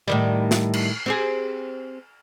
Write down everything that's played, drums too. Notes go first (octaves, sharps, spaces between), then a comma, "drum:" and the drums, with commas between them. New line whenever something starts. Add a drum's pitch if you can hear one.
A2 D#3 G3
drum: snare
drum: cymbal
C4 G4 G#4